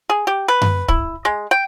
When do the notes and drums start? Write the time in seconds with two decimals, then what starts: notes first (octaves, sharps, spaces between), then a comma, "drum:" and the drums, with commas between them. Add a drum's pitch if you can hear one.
0.10 G#4
0.27 G4
0.48 B4
0.61 drum: tom F#2
0.88 E4, drum: kick
1.25 G#3
1.51 G5